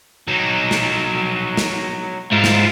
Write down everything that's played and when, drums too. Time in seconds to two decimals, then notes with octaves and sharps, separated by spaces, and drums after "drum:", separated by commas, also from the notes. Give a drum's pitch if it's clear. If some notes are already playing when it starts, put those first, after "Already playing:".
0.28 F#3 D#4
0.71 drum: snare
1.57 drum: snare
2.32 G#2 E4 F4
2.44 drum: snare